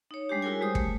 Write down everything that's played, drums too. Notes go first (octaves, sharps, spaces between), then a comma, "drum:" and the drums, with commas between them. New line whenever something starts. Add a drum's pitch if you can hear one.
D#4 C#5
G3 G#3 D4 G4
E4 F#4 G#4 A#4 C#5 G#5
G3 G#3 G4 C5 D#6
A3, drum: kick